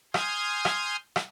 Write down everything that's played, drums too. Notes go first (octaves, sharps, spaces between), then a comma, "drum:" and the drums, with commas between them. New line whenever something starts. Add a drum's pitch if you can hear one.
G#5 C6 D#6 F6 G6 G#6, drum: rim click
drum: rim click
drum: rim click